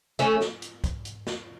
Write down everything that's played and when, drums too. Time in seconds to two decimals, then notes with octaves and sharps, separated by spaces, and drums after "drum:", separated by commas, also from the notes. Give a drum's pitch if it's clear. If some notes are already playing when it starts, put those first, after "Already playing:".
0.19 A3 C#4, drum: hi-hat
0.41 drum: snare
0.62 drum: hi-hat
0.84 drum: kick, hi-hat
1.05 drum: hi-hat
1.27 drum: snare